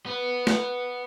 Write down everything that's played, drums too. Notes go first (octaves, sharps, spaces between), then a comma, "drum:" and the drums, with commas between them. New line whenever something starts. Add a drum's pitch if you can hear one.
B3
drum: snare